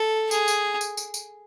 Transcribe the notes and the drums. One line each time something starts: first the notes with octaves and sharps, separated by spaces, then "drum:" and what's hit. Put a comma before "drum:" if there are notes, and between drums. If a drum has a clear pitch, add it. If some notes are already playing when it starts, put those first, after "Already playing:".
Already playing: A4
G#4, drum: tambourine
drum: tambourine
drum: tambourine
drum: tambourine
drum: tambourine